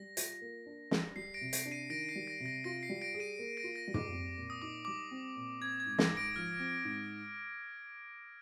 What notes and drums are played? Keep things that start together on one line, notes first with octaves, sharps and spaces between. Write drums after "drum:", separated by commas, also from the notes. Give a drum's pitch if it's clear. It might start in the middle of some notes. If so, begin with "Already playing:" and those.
Already playing: G3 A#6
F4, drum: hi-hat
A#3
D4
G3, drum: snare
G3 C7
A#6 D7
C3
A#6 D7, drum: hi-hat
D4
C7 D#7
D#3 A#6 D7
C7
G3
A#6
C3
A#6
F4 A#6 D7
C7
G3
A#6 D7
G#4
C7 D#7
A#3
A#6 D7
F4
A#6
G3
D6, drum: tom
C4
A#2
D#6
D#4 D6
G3 D6
C4
A#2
C4 G#6
G#6
G#2
A#6, drum: snare
G#2
A#6 D7
F3 F6
C4
G#2